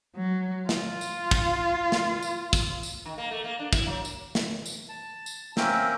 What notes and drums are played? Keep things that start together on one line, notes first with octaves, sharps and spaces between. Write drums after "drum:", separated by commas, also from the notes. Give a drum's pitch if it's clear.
F#3
F4, drum: snare
drum: tambourine
drum: kick
drum: snare
drum: tambourine
drum: kick, tambourine
drum: tambourine
D#3
A#3
A3
A#3
D4
E4, drum: kick, tambourine
F#3
drum: tambourine
drum: snare
drum: tambourine
A5
drum: tambourine
A#3 C4 C#4 A#4 E5 G5, drum: snare